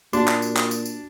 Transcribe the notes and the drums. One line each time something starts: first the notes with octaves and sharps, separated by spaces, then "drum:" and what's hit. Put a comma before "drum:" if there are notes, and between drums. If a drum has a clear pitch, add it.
A#2 A#3 D4 F#4 A5, drum: tambourine
drum: clap
drum: tambourine
drum: clap
drum: tambourine
drum: tambourine